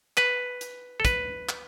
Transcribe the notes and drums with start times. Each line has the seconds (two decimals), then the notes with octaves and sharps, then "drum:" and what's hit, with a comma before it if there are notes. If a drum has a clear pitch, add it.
0.17 B4, drum: clap
0.61 drum: hi-hat
1.00 A4
1.05 B4, drum: kick, hi-hat
1.49 drum: clap